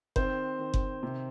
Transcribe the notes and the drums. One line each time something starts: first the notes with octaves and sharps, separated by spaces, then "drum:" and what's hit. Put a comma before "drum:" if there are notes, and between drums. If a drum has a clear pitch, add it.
D#3 C4 C5, drum: kick F#1
D#3
drum: kick F#1
C3